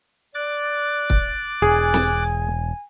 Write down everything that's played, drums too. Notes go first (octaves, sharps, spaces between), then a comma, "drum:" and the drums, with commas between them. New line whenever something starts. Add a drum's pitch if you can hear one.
D5 D6 F#6 A6
drum: kick
E1 G#4 G#5
drum: snare